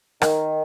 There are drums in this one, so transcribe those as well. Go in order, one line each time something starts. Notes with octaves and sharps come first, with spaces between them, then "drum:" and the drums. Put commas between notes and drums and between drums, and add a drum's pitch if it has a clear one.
D#3, drum: rim click